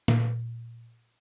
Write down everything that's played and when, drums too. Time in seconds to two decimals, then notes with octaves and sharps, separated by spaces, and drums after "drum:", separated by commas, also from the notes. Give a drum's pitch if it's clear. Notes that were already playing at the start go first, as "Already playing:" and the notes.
0.08 A#2, drum: snare